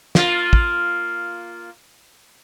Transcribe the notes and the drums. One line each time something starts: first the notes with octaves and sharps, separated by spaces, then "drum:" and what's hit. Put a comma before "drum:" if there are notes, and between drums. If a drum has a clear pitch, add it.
A#3 F4, drum: snare
drum: kick